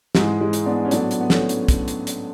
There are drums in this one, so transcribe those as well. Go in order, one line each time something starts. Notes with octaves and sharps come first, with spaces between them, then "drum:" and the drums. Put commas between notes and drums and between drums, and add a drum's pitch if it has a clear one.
G#2 E3 G#3, drum: snare
G#3
drum: hi-hat
B3 D4
C#4
A2 F#3 B3 D4, drum: hi-hat
drum: hi-hat
B3
A3 C#4, drum: snare
drum: hi-hat
drum: kick, hi-hat
drum: hi-hat
drum: hi-hat